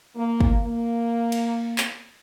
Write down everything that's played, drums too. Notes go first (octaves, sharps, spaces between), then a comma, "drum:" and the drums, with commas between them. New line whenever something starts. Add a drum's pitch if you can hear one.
A#3
drum: kick
A#3
drum: cymbal
drum: clap